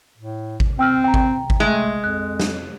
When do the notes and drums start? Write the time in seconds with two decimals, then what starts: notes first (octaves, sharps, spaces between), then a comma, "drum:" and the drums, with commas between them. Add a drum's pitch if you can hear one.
0.18 A2
0.60 drum: kick G#1
0.79 C4 G5 E6 F6
1.04 G5 A#5
1.14 drum: kick G#1
1.50 drum: kick G#1
1.60 G#3 A3
2.04 F2 F#6
2.40 drum: snare